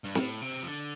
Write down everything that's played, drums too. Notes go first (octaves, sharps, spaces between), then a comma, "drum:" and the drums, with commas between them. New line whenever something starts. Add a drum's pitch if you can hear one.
G2
A2, drum: snare
C3
F3
D3